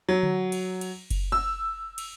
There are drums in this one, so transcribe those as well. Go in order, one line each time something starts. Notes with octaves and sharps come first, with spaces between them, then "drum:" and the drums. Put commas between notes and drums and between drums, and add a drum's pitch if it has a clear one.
F#3
drum: tom D3
drum: cymbal
drum: cymbal
drum: kick F#1, cymbal
E6
drum: cymbal